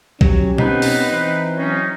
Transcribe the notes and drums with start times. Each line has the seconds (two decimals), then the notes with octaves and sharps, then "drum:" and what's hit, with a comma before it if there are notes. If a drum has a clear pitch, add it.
0.21 F#3 C#4 G4, drum: kick B1
0.58 B3 C4 D#4 B4, drum: tom B2
0.82 drum: open hi-hat
1.13 E3 C4
1.57 F#3 C#4 D#4